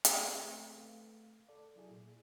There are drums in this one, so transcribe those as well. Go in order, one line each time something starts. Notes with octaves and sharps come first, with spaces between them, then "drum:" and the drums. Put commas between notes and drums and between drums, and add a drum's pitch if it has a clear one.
C#4 G5, drum: hi-hat
A3 C4 B4
A3 F5
A4 D5
F#3 E4 G#4
A#2